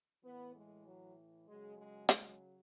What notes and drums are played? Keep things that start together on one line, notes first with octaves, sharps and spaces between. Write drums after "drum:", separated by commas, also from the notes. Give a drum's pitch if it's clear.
A2 E3 B3
G#3
F#3
C#3 F#3 G#3
G#3
G#3, drum: hi-hat